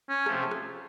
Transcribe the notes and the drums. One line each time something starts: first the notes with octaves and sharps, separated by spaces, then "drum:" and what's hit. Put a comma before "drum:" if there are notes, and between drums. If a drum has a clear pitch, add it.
C#4
C3 F3 A3, drum: rim click
drum: rim click